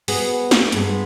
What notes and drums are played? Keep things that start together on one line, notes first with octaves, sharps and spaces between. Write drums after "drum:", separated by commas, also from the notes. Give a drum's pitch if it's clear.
B3 F#4 G#4, drum: open hi-hat
drum: snare
G2 G#3 B3, drum: hi-hat